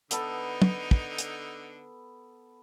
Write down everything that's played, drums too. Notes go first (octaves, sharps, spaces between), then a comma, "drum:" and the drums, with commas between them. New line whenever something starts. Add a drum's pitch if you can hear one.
D3 B3 D#4 A4 B5, drum: hi-hat
B5, drum: tom
drum: kick
drum: hi-hat